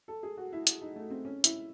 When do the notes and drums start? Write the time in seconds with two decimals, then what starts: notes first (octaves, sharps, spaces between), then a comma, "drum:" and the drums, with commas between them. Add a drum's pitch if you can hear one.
0.08 A4
0.23 G#4
0.37 F#4
0.53 E4
0.67 drum: hi-hat
0.81 D#4
0.96 A3
1.10 C4
1.25 C#4
1.44 E4, drum: hi-hat